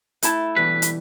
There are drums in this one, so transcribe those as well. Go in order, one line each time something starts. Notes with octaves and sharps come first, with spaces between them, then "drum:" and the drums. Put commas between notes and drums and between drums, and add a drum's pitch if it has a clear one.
A3 E4 A5, drum: hi-hat
B2 E3 G3 B4
drum: hi-hat